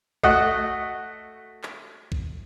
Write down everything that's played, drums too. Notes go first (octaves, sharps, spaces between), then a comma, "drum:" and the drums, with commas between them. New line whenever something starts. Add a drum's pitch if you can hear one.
A3 F#4 D#5 F#5, drum: kick A#1
drum: clap
drum: kick A#1